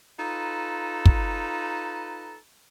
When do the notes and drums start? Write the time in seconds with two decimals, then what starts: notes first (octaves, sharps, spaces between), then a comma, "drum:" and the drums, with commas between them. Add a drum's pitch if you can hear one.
0.19 D#4 F4 A4 B4 A#5
1.06 drum: kick